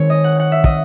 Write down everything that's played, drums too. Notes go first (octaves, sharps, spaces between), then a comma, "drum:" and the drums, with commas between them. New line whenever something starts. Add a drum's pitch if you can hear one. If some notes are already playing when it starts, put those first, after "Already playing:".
Already playing: D#3 G#3 C4 C#5
D#5
F#5
F#5
E5
D#5, drum: kick